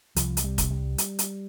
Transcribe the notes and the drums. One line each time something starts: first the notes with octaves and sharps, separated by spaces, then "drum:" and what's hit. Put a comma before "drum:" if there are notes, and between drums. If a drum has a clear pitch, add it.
C2 F3, drum: hi-hat
C3, drum: hi-hat
G3
C2, drum: kick, hi-hat
G3
drum: hi-hat
drum: hi-hat